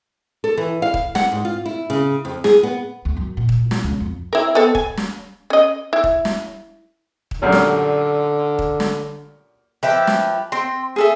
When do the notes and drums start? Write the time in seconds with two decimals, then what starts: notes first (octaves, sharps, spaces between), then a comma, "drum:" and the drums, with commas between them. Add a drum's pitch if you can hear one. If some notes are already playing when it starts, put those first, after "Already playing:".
0.44 A4
0.57 E3
0.82 F5
0.94 drum: kick
1.15 F#5, drum: snare
1.32 G#2
1.45 F4
1.65 E4
1.90 C#3
2.25 F2
2.44 G#4, drum: snare
2.63 B3
3.05 D2
3.17 F#2
3.37 A#2
3.49 drum: kick
3.71 F4, drum: snare
3.84 C#2
4.00 F2
4.33 C4 E4 A#4
4.55 B3 C4 A4
4.75 G#5, drum: kick
4.97 drum: snare
5.50 C#4 D#5
5.93 E4
6.04 drum: kick
6.25 drum: snare
7.31 drum: kick
7.42 F#2 A#2 D3 G3
7.52 drum: snare
8.59 drum: kick
8.80 drum: snare
9.83 F3 G4 B4 E5 G5
10.07 drum: snare
10.52 C4 G5 C6
10.96 G#4 A4 E5